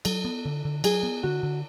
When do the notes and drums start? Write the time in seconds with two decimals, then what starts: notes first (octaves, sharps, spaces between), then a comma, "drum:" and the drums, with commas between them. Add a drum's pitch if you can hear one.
0.05 F#3 A4, drum: cymbal
0.25 B3
0.45 D3
0.65 D3
0.84 F#3 G#4, drum: cymbal
1.03 B3
1.23 D3 F#4
1.43 D3